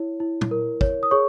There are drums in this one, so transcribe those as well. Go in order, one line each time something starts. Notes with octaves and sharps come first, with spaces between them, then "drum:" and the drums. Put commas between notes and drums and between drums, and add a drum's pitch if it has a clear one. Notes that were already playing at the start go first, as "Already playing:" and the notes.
Already playing: E4 C#5
E4
drum: tom
A#4
C#5, drum: kick
D#6
G#4 C#5 C#6